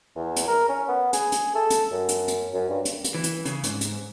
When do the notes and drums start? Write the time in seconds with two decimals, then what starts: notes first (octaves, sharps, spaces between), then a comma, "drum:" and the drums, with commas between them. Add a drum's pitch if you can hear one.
0.15 E2
0.36 drum: hi-hat
0.48 A#4
0.69 C#4
0.88 B3
1.13 G#4, drum: hi-hat
1.32 drum: hi-hat
1.55 A4
1.70 drum: hi-hat
1.92 F#2
2.09 drum: hi-hat
2.28 drum: hi-hat
2.54 F#2
2.69 G2
2.85 drum: hi-hat
3.04 drum: hi-hat
3.14 E3
3.24 drum: hi-hat
3.45 C#3, drum: hi-hat
3.63 G#2, drum: hi-hat
3.81 drum: hi-hat